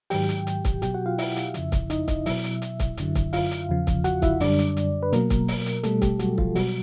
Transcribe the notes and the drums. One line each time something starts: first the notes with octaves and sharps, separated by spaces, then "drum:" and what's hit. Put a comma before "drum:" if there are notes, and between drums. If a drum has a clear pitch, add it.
G#2 D#3 F#3 G4 G5, drum: open hi-hat
drum: hi-hat
drum: hi-hat
drum: kick, hi-hat
B2 F#3 G4 G5, drum: hi-hat
F#4 F#5
F4 F5
E4 E5, drum: open hi-hat
drum: hi-hat
F2 C#3 F3, drum: hi-hat
drum: kick, hi-hat
D#4 D#5, drum: hi-hat
D#4 D#5, drum: kick, hi-hat
B2 F#3 E4 E5, drum: open hi-hat
drum: hi-hat
drum: hi-hat
drum: kick, hi-hat
F#2 D3 F#3, drum: hi-hat
drum: kick, hi-hat
F4 F5, drum: open hi-hat
drum: hi-hat
E2 C#3 F3
drum: kick, hi-hat
F#4 F#5, drum: hi-hat
E4 E5, drum: kick, hi-hat
F#2 D3 G3 D4 D5, drum: open hi-hat
drum: hi-hat
drum: hi-hat
B4
B2 F#3 A#3 A#4, drum: hi-hat
drum: kick, hi-hat
drum: open hi-hat
drum: hi-hat
B2 G3 A3 A4, drum: hi-hat
G3 G4, drum: kick, hi-hat
F#3 F#4, drum: hi-hat
F3 F4, drum: kick
B2 F#3 G3 F#4, drum: open hi-hat